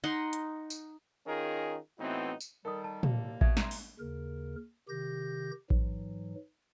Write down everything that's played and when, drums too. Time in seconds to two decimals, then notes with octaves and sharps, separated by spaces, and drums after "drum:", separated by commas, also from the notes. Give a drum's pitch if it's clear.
0.04 D#4 F#5 C6
0.33 drum: hi-hat
0.70 drum: tambourine
1.26 D#3 C#4 D#4 F4 G#4 A#4
2.00 A2 E3 B3 C4 D#4 F#4
2.41 drum: tambourine
2.65 D#3 G3 A4 A#4 D#6
2.84 A5
3.03 D#2 G3 A#3, drum: tom
3.41 B2 E5 G#6, drum: kick A1
3.57 A#5 C6, drum: snare
3.71 drum: open hi-hat
4.00 D#2 C#3 A#4
4.89 C3 D#3 G4 G6 A#6
5.70 G#2 E3 F#3, drum: kick A1